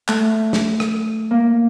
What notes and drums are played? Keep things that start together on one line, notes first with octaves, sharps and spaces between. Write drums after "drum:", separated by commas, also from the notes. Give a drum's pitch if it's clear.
A3, drum: clap
drum: snare
drum: rim click
A#3